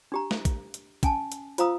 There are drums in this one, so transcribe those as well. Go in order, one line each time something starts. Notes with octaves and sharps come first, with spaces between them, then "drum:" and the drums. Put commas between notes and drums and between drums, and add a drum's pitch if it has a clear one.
D4 G4 A#5
drum: snare
drum: kick, hi-hat
drum: hi-hat
C#4 G#5 A5, drum: kick, hi-hat
drum: hi-hat
F4 C5 F5 A#5 D#6 E6, drum: hi-hat